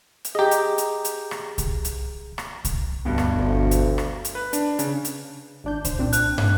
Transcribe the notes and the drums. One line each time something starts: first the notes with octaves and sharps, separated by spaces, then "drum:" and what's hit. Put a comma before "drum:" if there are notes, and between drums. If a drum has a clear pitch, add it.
drum: hi-hat
G4 G#4 D#5 A#5
drum: hi-hat
drum: hi-hat
drum: hi-hat
drum: rim click
drum: kick C2, hi-hat
drum: hi-hat
drum: rim click
drum: kick C2, hi-hat
D2 G2 B2
drum: rim click
G1 D2
drum: hi-hat
drum: rim click
drum: hi-hat
B4
D4, drum: hi-hat
C#3, drum: hi-hat
drum: hi-hat
G#1 D4 G6
C5, drum: kick C2, hi-hat
A#2 C4 D4
F#6, drum: hi-hat
drum: tom